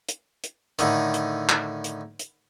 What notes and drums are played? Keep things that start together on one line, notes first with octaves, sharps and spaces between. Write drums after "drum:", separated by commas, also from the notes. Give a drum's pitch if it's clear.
drum: hi-hat
drum: hi-hat
A2 D3 D#3, drum: hi-hat
drum: hi-hat
drum: clap
drum: hi-hat
drum: hi-hat